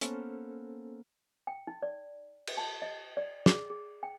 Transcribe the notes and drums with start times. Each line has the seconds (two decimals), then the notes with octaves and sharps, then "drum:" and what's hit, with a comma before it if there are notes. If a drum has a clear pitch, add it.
0.01 A#3 B3 C#4 A4 A#4 C5, drum: hi-hat
1.47 G5
1.67 D#4
1.82 D5
2.47 drum: cymbal
2.57 A5
2.82 D#5
3.17 D5
3.46 G#4, drum: snare
3.70 G#4
4.03 G5